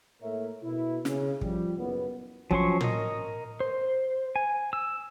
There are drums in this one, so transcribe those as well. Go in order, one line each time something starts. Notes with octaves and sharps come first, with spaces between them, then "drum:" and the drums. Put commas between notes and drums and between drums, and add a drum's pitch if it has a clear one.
A2 A#3 A4 A#4 C#5 E5
B2 E4
C#3, drum: snare
F3 G3, drum: kick
F#1 B3
F3 F#3 C#4 C6 C#6, drum: kick
A#4 D#5, drum: tom
C5
G#5
E6